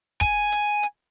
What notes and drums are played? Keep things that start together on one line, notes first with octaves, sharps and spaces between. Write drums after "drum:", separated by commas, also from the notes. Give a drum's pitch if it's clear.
G#5, drum: kick, hi-hat
drum: hi-hat
drum: hi-hat